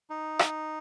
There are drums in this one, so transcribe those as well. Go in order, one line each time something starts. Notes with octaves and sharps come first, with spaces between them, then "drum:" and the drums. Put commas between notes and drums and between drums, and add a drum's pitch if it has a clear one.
D#4
drum: rim click